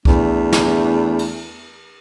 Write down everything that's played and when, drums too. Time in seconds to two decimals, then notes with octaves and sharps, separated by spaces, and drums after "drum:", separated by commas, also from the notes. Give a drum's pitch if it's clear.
0.05 E2 A3 D4, drum: kick C2
0.53 drum: snare
1.19 drum: cymbal